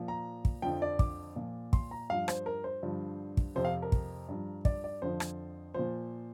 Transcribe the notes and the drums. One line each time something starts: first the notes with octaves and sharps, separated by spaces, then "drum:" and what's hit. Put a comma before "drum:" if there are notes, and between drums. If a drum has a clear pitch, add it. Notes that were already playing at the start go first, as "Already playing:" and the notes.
Already playing: A#2 F3
A#5
drum: kick
F2 D3 F3 G5
D5
D6, drum: kick
A#2 F3
C6, drum: kick
A#5
G2 F3 F5
C5, drum: rim click
A#4
C5
G2 D3 F3
drum: kick
F2 C3 F3 C5
F5
A#4
drum: kick
G2 F3
D5, drum: kick
D5
F2 D3 F3 C5
drum: rim click
A#2 F3 C5